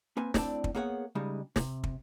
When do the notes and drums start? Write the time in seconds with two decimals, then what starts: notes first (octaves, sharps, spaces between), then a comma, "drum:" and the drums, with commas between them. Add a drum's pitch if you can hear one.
0.17 A#3 C4 B4 G#5
0.34 A2 C4 D4 B4 D5 A5, drum: snare
0.64 drum: kick
0.75 A#3 B3 G#4 C#5 F#5
1.15 C#3 G3 G#3 D#4
1.56 C3, drum: snare
1.84 drum: kick